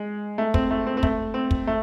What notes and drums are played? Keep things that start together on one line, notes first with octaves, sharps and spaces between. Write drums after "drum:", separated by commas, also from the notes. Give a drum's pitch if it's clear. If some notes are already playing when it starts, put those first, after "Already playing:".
Already playing: G#3
A3
C4, drum: kick
A3
C4
C4
A3, drum: kick
C4
drum: kick
A3